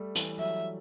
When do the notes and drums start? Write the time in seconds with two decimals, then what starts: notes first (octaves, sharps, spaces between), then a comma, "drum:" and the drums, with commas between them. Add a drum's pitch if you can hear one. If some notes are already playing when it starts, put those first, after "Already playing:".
Already playing: G3 A3
0.15 E3, drum: hi-hat
0.38 F#3 E5